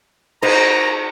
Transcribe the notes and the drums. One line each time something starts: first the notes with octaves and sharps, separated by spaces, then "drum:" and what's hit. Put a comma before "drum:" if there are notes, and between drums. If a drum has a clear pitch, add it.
D#4 C5 A#5, drum: cymbal